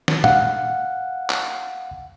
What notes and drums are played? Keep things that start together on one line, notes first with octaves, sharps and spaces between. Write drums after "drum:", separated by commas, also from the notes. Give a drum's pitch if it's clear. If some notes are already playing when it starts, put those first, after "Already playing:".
drum: snare
F5 F#5, drum: tom
drum: clap